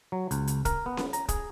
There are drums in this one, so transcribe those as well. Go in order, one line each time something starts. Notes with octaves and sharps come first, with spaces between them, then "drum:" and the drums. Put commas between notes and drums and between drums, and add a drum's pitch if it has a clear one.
F#3
C#2, drum: hi-hat
drum: hi-hat
A#4, drum: kick, hi-hat
B3
drum: snare C#4
A#5, drum: hi-hat
G#4, drum: kick, hi-hat